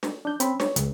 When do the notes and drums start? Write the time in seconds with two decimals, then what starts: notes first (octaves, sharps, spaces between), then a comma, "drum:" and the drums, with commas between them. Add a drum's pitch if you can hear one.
0.03 drum: snare
0.25 D4 G6
0.40 C4 C#4 B5, drum: hi-hat
0.60 C#5, drum: snare
0.76 C#2, drum: hi-hat